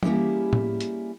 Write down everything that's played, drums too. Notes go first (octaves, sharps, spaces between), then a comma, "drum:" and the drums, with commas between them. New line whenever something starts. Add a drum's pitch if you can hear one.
G3 A#3 C#4 E4 G4 G#4, drum: tom E3
drum: tom A2
drum: hi-hat